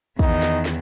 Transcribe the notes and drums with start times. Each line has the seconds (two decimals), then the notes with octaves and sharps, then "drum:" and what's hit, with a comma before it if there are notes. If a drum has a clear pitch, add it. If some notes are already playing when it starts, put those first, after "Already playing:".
0.19 E2 D#3 D#4, drum: kick, open hi-hat
0.42 drum: snare
0.65 drum: snare